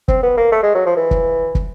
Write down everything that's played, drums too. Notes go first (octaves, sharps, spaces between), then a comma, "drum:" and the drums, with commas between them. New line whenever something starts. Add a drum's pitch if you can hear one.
C4, drum: kick
B3
A#3
A3
G#3
F#3
F3
E3
drum: kick
drum: kick